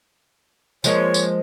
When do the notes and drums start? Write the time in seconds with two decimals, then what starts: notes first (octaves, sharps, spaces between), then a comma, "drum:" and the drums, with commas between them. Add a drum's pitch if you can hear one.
0.84 F3 G#3 A#3 C#5, drum: tambourine
1.14 drum: tambourine